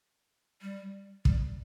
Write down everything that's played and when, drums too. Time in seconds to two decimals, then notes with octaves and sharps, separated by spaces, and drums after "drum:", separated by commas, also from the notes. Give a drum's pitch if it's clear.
0.62 G3
1.25 G3, drum: kick